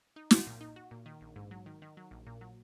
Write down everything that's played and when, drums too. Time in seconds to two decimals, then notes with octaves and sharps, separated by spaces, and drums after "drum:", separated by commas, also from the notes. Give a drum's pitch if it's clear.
0.16 D#4
0.31 F#4, drum: snare
0.47 A#2
0.61 D#4
0.76 F#4
0.91 A#2
1.06 D#3
1.21 A#1
1.36 G#2
1.51 F#3
1.66 D#3
1.82 D#3
1.97 F#3
2.11 A#1
2.27 A#2
2.41 F#3